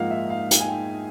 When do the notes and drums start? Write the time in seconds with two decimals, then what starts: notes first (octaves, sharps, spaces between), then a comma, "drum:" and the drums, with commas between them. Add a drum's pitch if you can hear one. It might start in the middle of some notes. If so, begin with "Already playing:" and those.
Already playing: G#2 F3 A#3 D#4 F5 F#5
0.11 E5
0.30 F5
0.51 G5, drum: hi-hat
0.60 G#5
0.68 G5